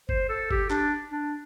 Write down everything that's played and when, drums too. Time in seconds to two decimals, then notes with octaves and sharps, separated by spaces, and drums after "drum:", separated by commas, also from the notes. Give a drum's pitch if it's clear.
0.09 C5, drum: kick G1
0.29 A4
0.51 G4, drum: kick G1
0.70 D4, drum: clap
1.12 D4